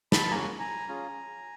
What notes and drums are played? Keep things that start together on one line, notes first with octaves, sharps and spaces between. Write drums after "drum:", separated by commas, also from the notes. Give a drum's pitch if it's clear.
A5 B5, drum: snare
A#3 C#4 F#4 G#5 A#5
G#5 A#5
C#4 F4 G#4